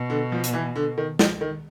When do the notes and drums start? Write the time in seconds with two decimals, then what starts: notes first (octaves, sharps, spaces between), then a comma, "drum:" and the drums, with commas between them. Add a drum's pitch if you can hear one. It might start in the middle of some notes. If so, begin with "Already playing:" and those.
Already playing: B2
0.10 D3
0.32 F3
0.44 drum: hi-hat
0.53 E3
0.76 D3
0.98 D#3
1.19 F3, drum: snare
1.41 D#3